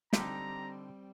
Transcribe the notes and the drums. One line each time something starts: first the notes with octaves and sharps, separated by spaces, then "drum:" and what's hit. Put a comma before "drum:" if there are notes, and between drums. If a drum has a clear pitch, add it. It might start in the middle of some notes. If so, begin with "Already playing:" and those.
D3 G3 C4 D#4 G4 A#5, drum: snare